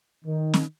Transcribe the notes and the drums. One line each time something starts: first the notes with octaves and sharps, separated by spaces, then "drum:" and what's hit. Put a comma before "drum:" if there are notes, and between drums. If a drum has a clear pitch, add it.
D#3
drum: snare